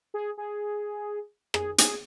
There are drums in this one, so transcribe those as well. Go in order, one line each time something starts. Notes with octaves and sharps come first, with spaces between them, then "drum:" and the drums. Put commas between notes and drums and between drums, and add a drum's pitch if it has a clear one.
G#4
G#4
G#4, drum: rim click
G#4, drum: hi-hat